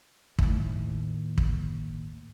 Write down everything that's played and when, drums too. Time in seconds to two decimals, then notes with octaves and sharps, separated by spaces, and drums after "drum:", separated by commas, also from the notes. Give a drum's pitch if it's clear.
0.39 D#2 A2, drum: kick
1.38 drum: kick